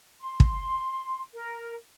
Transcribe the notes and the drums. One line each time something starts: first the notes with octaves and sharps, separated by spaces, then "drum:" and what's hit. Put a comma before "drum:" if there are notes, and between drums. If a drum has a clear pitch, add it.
C6
drum: kick
A#4